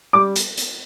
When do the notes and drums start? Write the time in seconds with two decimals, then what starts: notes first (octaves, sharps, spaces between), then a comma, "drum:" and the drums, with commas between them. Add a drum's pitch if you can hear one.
0.13 G3 D6
0.36 drum: hi-hat
0.57 drum: hi-hat